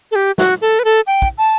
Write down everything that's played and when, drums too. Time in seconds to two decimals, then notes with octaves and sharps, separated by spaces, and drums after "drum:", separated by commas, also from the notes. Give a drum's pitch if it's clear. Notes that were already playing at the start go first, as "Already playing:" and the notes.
0.11 A4
0.15 G4
0.38 F#4, drum: snare
0.61 A4
0.79 B4
0.85 A4
1.07 G5
1.22 drum: kick
1.38 A5